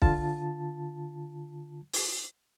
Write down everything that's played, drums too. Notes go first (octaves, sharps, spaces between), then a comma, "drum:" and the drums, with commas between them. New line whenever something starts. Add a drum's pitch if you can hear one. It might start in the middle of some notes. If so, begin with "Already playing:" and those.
D3 F4 A5, drum: kick
drum: open hi-hat